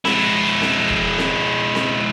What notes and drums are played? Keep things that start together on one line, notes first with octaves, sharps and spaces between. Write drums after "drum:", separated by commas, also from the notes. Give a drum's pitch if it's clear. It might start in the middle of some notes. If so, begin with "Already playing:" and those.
G#3 E4, drum: snare C4
drum: snare C4
drum: kick
drum: snare C4
drum: snare C4